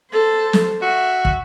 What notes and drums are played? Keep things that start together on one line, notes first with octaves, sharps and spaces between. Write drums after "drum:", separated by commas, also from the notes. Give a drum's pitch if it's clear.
A4 C5
drum: snare
F#4 E5
drum: kick